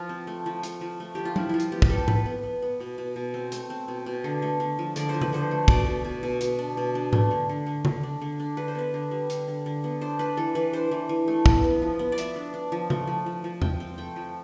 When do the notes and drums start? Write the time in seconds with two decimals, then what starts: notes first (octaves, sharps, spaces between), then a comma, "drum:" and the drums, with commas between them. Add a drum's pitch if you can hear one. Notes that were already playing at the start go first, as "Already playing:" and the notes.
Already playing: F3 F4
0.09 C4
0.27 A3
0.46 F3
0.63 A3, drum: hi-hat
0.81 F3
1.00 A3
1.15 F3 G4
1.25 F4
1.36 F3 E4, drum: tom F#3
1.49 F3 E4 F4
1.60 drum: hi-hat
1.72 B3 G4
1.82 G4, drum: kick
1.90 B3 A4
2.08 B3 B4, drum: tom G#2
2.26 B3
2.43 B3
2.62 B3
2.80 B2
2.98 B2
3.16 B2
3.34 C4
3.52 A3, drum: hi-hat
3.70 C4
3.88 B2
4.06 B2
4.24 D3
4.42 A3
4.60 D3
4.79 F3
4.96 D3 D5, drum: hi-hat
5.09 C5
5.14 F3
5.21 B4, drum: tom C#3
5.33 D3 C5
5.51 A3
5.68 B2 D5, drum: kick
5.86 B2
6.05 B2
6.23 B2
6.41 B2, drum: hi-hat
6.59 D4
6.77 B2
6.95 D4
7.13 A3, drum: tom G#2
7.31 D3
7.49 D3
7.66 D3
7.85 D3, drum: tom C#3
8.03 D4
8.21 D3
8.40 D4
8.57 D3 B4
8.68 C5
8.75 B3 B4
8.94 D3
9.11 G3
9.30 D3, drum: hi-hat
9.47 D3
9.66 D3
9.84 B3
10.01 D4 C5
10.19 D4 B4
10.37 E3 A4
10.55 E3 B4
10.73 D4 C5
10.91 E3
11.09 E3
11.28 A3
11.46 B3, drum: kick
11.64 B3
11.82 F3
11.99 B3
12.12 D5
12.18 B3 E5, drum: hi-hat
12.36 D4
12.54 D4
12.72 F3
12.90 A3, drum: tom C#3
13.07 F3
13.26 F3
13.44 F3
13.62 F3 G5, drum: tom E2
13.80 C4
13.98 A3 G5
14.16 F3